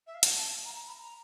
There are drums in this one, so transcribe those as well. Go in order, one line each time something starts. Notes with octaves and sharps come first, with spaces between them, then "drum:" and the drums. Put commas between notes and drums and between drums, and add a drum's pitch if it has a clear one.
E5
F5
F#5, drum: hi-hat
A5
A#5
A#5
B5
A#5